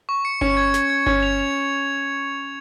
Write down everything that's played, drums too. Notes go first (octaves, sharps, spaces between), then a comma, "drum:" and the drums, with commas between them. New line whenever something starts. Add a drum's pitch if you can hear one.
C#6
C#7
C#4 C#7, drum: kick G1
G#6
G#6, drum: snare
G#6
C#4 G#6, drum: kick G1
F7
F7